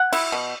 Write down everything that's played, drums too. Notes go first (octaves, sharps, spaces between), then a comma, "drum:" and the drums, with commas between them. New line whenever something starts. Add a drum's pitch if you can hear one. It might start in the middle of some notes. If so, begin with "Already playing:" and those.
Already playing: F#5
E4, drum: cymbal
B2